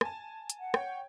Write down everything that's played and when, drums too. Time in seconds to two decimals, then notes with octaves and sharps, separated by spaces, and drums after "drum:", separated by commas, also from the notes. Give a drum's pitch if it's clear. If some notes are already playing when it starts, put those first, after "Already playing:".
0.01 G#5 A5, drum: rim click
0.50 drum: hi-hat
0.60 F#5
0.74 C#5 G5, drum: rim click